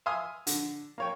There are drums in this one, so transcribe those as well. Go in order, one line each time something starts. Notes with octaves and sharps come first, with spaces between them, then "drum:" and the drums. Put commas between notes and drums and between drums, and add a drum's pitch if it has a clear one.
E5 F5 G#5 C6 D#6
D3, drum: hi-hat
A#3 C#5 G5